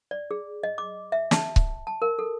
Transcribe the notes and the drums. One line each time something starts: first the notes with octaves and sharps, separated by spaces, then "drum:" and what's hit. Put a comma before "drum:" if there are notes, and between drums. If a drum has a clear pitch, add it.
D5
G#4
D#5
D6
E5
A5, drum: snare
drum: kick C#1
A5
A#4
A4